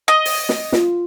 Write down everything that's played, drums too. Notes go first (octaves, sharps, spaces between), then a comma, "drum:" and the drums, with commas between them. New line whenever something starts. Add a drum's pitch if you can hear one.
D#5
drum: open hi-hat
drum: snare
F4, drum: snare